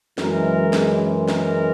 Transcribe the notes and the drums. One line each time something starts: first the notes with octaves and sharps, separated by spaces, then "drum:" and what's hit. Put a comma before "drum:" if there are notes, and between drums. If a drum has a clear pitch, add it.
F#2 E3 G#3 A#4, drum: snare
drum: snare
A#4, drum: snare